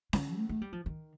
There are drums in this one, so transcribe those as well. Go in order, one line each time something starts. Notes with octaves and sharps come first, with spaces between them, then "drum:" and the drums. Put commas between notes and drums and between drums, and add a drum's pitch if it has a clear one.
D3, drum: snare C#4
A3
A3
G3
F3
D#3